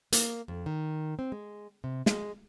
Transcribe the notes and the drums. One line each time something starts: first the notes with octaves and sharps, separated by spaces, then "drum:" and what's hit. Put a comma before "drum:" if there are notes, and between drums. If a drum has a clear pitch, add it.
A#3, drum: hi-hat
F2
D#3
C4
G#3
C3
G#3, drum: snare